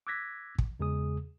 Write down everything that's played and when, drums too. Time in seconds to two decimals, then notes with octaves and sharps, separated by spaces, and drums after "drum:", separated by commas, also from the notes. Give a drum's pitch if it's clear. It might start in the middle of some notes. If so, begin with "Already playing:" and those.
0.07 D6 E6 F#6 G#6 A#6 B6
0.58 drum: kick
0.80 E2 C#3 G#3 G#4 D#6